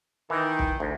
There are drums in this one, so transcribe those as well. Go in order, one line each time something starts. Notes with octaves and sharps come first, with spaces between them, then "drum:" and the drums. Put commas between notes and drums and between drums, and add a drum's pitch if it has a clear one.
D#3 E3
drum: kick
D2